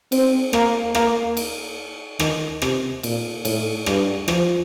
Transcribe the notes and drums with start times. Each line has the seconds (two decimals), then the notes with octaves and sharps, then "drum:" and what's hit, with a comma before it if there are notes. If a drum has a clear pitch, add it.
0.12 C4, drum: cymbal
0.53 A#3, drum: rim click
0.95 A#3, drum: rim click
1.37 drum: cymbal
2.19 D#3, drum: rim click
2.62 C3, drum: rim click
3.03 A#2, drum: cymbal
3.45 A2, drum: cymbal
3.86 G2, drum: rim click
4.28 F3, drum: rim click